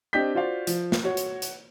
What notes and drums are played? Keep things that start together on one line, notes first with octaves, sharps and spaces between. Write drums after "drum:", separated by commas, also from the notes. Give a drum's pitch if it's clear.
C4 D4 G4 D#5 G6 B6
F4 F#4 C5 D5 F5
F3, drum: hi-hat
drum: snare
F#4 C#5
drum: hi-hat
drum: hi-hat